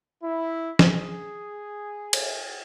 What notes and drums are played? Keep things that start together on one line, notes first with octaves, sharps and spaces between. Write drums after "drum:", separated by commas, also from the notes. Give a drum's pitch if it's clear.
E4
drum: snare
G#4
drum: cymbal